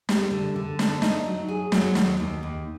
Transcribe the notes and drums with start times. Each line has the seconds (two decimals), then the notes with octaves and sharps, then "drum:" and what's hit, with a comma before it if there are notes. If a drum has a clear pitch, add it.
0.09 G3, drum: snare
0.31 D3
0.56 D3
0.79 D4, drum: snare
1.02 D#4, drum: snare
1.26 F#3
1.49 G#4
1.72 F#3, drum: snare
1.95 D#2, drum: snare
2.20 D#2
2.43 D#2